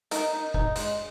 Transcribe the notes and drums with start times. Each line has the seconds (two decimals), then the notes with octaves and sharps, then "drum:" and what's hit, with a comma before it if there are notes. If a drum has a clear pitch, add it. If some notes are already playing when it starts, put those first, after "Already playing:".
0.11 D#4 A#4, drum: hi-hat
0.33 D#4
0.54 D#4, drum: kick
0.76 G#3, drum: hi-hat